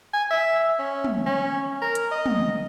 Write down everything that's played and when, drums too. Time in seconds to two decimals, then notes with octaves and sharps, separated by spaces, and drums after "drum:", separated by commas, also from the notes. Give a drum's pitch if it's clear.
0.13 G#5
0.31 E5
0.79 C#4
1.04 drum: tom
1.26 C#4
1.81 A#4
1.95 drum: hi-hat
2.11 D#5
2.26 drum: tom